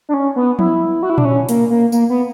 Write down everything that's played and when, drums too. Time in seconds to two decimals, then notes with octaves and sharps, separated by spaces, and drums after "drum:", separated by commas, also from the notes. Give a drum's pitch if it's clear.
0.09 D4
0.14 C#4
0.36 B3
0.59 E4, drum: tom F3
1.03 F#4
1.10 E4
1.18 D4, drum: tom A#2
1.25 C#4
1.49 A#3, drum: hi-hat
1.70 A#3
1.92 A#3, drum: tambourine
2.09 B3